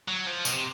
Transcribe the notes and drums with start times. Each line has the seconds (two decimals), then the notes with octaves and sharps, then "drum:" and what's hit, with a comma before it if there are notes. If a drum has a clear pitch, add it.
0.09 F#3
0.27 F3
0.45 B2, drum: tambourine
0.53 C3